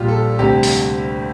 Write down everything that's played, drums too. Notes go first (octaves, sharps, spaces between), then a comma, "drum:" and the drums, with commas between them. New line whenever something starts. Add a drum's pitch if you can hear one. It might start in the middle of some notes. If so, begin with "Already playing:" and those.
Already playing: A#1 A#2 G3 F4 G4
A4
D2 C3 G3 G4
drum: open hi-hat